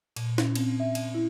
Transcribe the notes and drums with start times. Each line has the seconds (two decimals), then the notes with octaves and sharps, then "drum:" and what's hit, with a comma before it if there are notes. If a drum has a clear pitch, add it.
0.16 A#2, drum: cymbal
0.38 C#4, drum: snare
0.55 C4, drum: cymbal
0.80 E5
0.95 drum: cymbal
1.14 E4